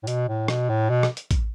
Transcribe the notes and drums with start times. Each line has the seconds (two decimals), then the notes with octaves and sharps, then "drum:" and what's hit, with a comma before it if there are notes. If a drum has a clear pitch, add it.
0.03 A2
0.07 B2, drum: hi-hat
0.28 A2
0.48 B2, drum: rim click
0.69 A2
0.89 B2
1.03 drum: rim click
1.17 drum: hi-hat
1.31 drum: kick, hi-hat